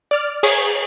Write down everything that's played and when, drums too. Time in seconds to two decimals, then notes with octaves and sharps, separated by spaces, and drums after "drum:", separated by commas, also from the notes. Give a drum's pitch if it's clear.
0.11 D5 F6
0.43 G#4 C#5, drum: open hi-hat